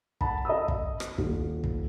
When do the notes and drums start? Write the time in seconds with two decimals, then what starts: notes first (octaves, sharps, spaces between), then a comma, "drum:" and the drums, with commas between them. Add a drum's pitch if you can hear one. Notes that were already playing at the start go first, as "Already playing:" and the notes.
0.21 F#5 A5 B5, drum: kick
0.45 D#5 B5 D#6 E6
0.68 drum: kick
1.00 drum: rim click
1.18 D#1, drum: kick
1.64 drum: kick